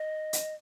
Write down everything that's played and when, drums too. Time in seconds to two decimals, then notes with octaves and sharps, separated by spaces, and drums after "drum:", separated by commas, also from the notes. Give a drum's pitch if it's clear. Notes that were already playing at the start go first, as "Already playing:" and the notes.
Already playing: D#5
0.33 drum: hi-hat